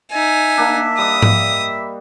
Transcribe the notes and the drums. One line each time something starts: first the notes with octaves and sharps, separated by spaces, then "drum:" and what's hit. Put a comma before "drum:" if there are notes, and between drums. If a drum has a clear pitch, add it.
D#4 E5 G#5
A#3 D4
G3 D#5 D#6
drum: tom G#2